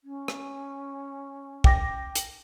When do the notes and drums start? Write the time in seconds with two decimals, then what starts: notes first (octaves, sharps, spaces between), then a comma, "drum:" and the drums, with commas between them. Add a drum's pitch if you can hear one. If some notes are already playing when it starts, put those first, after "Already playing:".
0.04 C#4
0.28 drum: rim click
1.64 G5 D6 A#6, drum: kick
2.15 drum: hi-hat